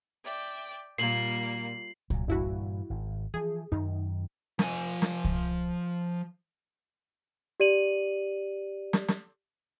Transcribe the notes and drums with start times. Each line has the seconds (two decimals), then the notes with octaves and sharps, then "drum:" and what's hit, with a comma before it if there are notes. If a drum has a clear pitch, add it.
0.24 D5 E5 G5
0.98 A#2 G3 A#3 C7 F#7
2.10 A#2 F#3, drum: kick C2
2.28 G1 G2 A#2 E3 E4 F#4
2.90 G#1
3.34 E3 F3 G#4
3.72 F#2 D#3 D#4
4.59 F3 G#5, drum: snare
5.02 drum: snare
5.24 drum: kick C2
7.60 G4 D5 D#7 F#7
8.93 drum: snare
9.08 drum: snare